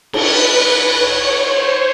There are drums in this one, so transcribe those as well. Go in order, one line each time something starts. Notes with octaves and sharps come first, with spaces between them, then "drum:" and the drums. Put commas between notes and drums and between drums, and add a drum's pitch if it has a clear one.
B4, drum: cymbal
C#5
C5